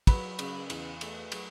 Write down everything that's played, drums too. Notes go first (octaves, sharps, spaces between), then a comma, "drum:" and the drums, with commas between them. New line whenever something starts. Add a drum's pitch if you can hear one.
F#3 B4 B5, drum: kick, cymbal
C#3, drum: cymbal
E2, drum: cymbal
A3, drum: cymbal
F#3, drum: cymbal